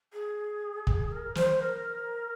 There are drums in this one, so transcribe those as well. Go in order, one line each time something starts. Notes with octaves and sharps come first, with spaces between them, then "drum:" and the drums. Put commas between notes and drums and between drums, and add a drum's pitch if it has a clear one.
G#4
drum: kick
A#4
C5, drum: snare
A#4